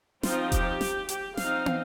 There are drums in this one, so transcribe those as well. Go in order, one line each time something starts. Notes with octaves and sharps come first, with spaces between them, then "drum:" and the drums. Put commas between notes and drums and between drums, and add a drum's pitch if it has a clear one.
F3 C4 D#4 F4, drum: snare
G4, drum: kick E1, hi-hat
drum: snare
G4, drum: hi-hat
F3 C4 D#4 F5, drum: snare
drum: tom